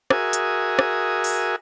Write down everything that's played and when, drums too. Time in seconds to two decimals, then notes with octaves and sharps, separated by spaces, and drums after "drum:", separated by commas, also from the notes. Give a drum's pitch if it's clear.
0.10 F#4 G#4 A#4 E5 G#5 D#6, drum: rim click
0.33 drum: hi-hat
0.79 drum: rim click
1.24 drum: open hi-hat